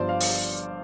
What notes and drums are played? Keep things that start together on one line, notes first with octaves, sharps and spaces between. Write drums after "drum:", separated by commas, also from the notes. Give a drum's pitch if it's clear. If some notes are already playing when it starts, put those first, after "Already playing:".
Already playing: G1 G2 F3 C5 D5
F5
drum: open hi-hat